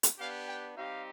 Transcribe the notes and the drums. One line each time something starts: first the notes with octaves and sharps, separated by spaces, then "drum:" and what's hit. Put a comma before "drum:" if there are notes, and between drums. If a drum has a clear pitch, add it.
drum: hi-hat
B3 D4 G4 F5
G5
G3 C4 D#4 G4 F5